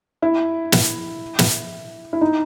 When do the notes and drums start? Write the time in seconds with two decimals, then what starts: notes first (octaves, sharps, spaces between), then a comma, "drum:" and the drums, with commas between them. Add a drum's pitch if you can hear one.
0.22 E4
0.72 drum: snare
1.39 drum: snare
2.13 E4
2.21 D#4